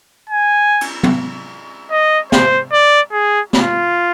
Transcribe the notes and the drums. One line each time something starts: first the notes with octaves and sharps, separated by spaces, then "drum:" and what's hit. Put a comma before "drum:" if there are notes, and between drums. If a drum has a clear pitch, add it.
G#5
drum: cymbal
drum: tom
D#5
C5, drum: snare
D5
G#4
F4, drum: snare